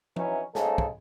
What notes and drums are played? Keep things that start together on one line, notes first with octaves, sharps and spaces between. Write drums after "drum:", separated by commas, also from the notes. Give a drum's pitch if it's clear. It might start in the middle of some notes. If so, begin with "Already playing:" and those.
E3 F#3 C#4 D#4 E4, drum: tom F3
G#2 C#3 G#3 A#3 A4, drum: snare
drum: kick